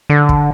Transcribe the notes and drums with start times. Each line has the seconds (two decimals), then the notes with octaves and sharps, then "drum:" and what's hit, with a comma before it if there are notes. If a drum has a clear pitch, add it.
0.10 D3
0.29 drum: kick